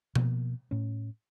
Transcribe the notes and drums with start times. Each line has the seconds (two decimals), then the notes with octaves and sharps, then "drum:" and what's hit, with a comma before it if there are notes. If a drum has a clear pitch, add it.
0.15 B2 F3 A#3, drum: tom B2
0.71 A2 C#4